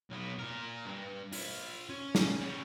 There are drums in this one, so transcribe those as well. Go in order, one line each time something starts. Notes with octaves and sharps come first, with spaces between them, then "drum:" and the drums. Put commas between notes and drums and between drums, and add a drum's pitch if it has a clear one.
B1 B3
A#2 A#4
G2
F4 B5, drum: open hi-hat
C#4
drum: snare
G3 C#5